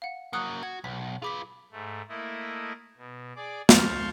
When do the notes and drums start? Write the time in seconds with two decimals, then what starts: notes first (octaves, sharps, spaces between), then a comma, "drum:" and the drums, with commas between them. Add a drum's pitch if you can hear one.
0.02 F5 F#5
0.33 F#3 A#3 F#5 D#6 F#6
0.63 F#4 G#6
0.84 B1 B6
1.22 F4 G#4 B4 D6 B6
1.72 G#2 A3
2.09 A3 A#3 E4 D#5
2.98 B2
3.36 G#4 D5 D6
3.69 F5 A5 C6 C#6 F6 G6, drum: snare